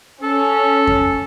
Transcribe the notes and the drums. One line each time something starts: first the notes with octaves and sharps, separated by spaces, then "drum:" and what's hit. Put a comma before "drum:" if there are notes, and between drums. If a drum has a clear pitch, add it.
C#4 A4
drum: kick F2